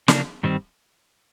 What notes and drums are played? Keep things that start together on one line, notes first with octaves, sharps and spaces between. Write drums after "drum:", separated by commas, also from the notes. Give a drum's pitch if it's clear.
C#3 F3 A#3 D4, drum: snare
G2 D#3 G3 C4